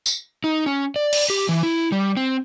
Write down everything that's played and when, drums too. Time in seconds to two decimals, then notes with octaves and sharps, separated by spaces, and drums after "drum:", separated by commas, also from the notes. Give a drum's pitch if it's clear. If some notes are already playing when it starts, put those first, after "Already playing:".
0.06 drum: tambourine
0.44 D#4
0.66 C#4
0.96 D5
1.13 drum: cymbal
1.30 G4
1.49 E3
1.63 E4
1.92 G3
2.17 C4